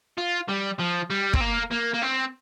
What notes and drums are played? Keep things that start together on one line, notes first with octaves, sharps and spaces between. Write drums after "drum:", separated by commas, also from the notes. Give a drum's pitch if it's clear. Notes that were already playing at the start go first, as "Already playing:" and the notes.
F4
G3
F3
G3
C4, drum: kick
A#3
A#3
A#3
C4